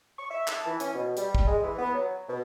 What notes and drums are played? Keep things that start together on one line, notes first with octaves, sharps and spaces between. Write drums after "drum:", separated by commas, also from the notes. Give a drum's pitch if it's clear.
C#6
E5
A5, drum: clap
E3
C#4, drum: hi-hat
B2
G3, drum: hi-hat
drum: kick
G#3
E3
B3
F#3
B2